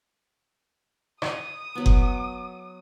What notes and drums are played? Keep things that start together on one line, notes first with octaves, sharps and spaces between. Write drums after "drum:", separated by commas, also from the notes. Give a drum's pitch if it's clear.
D#6, drum: rim click
F#3 B3
drum: kick F#1